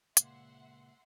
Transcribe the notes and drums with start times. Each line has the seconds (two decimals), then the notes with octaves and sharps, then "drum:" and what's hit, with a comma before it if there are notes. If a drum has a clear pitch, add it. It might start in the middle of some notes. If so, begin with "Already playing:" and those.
0.17 C#2 A#2 E5 F#5 C6, drum: hi-hat